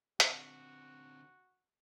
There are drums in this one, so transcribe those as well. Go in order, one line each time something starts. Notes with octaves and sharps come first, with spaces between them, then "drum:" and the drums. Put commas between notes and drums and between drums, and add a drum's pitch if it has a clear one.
D3 C4 F#4, drum: hi-hat